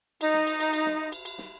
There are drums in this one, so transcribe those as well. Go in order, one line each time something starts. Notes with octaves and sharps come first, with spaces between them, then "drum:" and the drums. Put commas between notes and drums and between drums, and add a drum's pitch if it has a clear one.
D#4, drum: cymbal
drum: snare
drum: cymbal
drum: cymbal
drum: cymbal
drum: snare
drum: cymbal
drum: cymbal
drum: snare